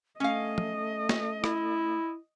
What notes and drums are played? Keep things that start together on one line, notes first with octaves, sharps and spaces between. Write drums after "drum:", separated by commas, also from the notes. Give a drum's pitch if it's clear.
A3 C#4 D#5 F5
drum: tom
drum: snare
E4, drum: rim click